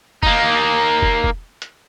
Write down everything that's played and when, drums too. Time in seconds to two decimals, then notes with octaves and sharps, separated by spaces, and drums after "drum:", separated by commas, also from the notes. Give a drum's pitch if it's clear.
0.23 A#3 D#4, drum: kick
1.02 drum: kick
1.24 drum: kick
1.62 drum: hi-hat